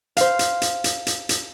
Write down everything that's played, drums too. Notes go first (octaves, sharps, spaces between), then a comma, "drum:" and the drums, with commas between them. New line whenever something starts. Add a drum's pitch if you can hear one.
C5 F5, drum: hi-hat
drum: hi-hat
drum: hi-hat
drum: hi-hat
drum: hi-hat
drum: hi-hat